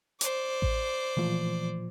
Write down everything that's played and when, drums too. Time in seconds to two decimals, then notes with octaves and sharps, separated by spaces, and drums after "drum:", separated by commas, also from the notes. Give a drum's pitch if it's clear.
0.21 C5 D5, drum: hi-hat
0.62 drum: kick A1
1.17 A#2 E3 F3 A3